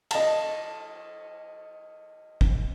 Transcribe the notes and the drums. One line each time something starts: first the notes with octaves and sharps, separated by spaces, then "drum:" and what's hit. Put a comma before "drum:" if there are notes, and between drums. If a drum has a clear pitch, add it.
D#5 A5, drum: cymbal
drum: kick